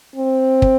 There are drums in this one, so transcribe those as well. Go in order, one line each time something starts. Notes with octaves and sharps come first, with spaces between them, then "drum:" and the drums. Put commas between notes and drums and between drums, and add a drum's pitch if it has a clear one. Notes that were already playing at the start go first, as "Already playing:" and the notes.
C4
drum: kick